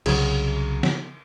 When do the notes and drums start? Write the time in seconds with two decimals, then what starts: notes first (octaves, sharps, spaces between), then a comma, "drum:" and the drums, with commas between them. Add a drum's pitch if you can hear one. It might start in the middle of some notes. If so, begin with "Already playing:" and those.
0.06 C2 C#3 F#3 G#4, drum: cymbal
0.83 drum: snare